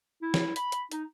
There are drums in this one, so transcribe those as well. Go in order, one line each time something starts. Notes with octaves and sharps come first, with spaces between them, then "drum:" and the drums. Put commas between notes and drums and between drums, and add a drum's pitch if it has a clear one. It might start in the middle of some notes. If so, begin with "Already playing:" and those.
E4
drum: snare
B5, drum: hi-hat
drum: hi-hat
D#4, drum: hi-hat